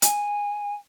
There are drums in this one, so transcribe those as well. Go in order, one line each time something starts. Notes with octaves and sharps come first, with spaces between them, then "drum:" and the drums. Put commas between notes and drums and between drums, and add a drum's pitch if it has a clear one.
G#5, drum: hi-hat